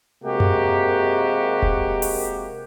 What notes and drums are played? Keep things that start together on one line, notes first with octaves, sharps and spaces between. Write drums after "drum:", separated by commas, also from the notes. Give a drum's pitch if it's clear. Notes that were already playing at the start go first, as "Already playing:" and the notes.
C3 G#3 A#3 F#4 G4
drum: tom F#2
drum: kick E1
drum: open hi-hat